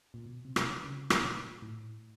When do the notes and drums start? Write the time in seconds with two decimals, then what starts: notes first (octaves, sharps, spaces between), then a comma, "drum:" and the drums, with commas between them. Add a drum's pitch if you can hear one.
0.14 A#2
0.26 B2
0.45 C3
0.56 B2, drum: rim click
0.64 C3
0.84 C#3
1.10 drum: rim click
1.23 A#2
1.62 A2